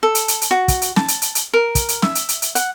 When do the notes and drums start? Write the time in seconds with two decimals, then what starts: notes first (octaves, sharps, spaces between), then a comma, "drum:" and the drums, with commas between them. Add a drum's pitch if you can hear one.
0.03 A4
0.15 drum: hi-hat
0.28 drum: hi-hat
0.41 drum: hi-hat
0.51 F#4
0.68 drum: kick, hi-hat
0.82 drum: hi-hat
0.96 A5, drum: snare
1.08 drum: hi-hat
1.22 drum: hi-hat
1.35 drum: hi-hat
1.53 A#4
1.75 drum: kick, hi-hat
1.88 drum: hi-hat
2.02 E5, drum: snare
2.15 drum: hi-hat
2.29 drum: hi-hat
2.42 drum: hi-hat
2.55 F#5, drum: hi-hat